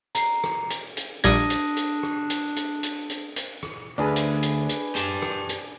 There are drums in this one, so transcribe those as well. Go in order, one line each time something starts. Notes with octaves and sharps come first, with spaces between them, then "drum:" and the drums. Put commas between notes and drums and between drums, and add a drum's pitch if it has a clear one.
A#5 C7, drum: hi-hat
drum: rim click
drum: hi-hat
drum: hi-hat
A#1 G3 D4 D#6 G#6 A#6, drum: hi-hat
drum: hi-hat
drum: hi-hat
drum: rim click
drum: hi-hat
drum: hi-hat
drum: hi-hat
drum: hi-hat
drum: hi-hat
drum: rim click
D2 D4 G#4 B4
drum: hi-hat
drum: hi-hat
drum: hi-hat
G4 A5, drum: hi-hat
drum: rim click
drum: hi-hat